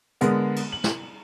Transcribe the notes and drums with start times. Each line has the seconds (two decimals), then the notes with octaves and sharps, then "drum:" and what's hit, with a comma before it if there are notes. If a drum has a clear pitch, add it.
0.21 D3 G#3 B3 A#4, drum: hi-hat
0.56 drum: cymbal
0.72 F#7
0.84 drum: snare